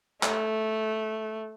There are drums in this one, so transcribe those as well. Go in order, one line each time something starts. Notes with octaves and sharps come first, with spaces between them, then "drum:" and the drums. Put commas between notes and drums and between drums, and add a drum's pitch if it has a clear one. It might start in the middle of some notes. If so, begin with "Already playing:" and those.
A3, drum: clap